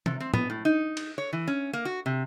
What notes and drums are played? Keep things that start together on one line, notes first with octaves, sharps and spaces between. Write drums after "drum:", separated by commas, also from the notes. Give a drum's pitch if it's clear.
C3, drum: tom D#3
C4
B3, drum: tom
A2
D#4
drum: cymbal
C#5
E3
C#4
A#3
F#4
C3